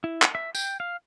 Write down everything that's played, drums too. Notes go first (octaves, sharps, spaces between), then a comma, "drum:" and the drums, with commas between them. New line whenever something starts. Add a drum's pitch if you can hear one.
E4
drum: clap
E5
G5, drum: tambourine
F5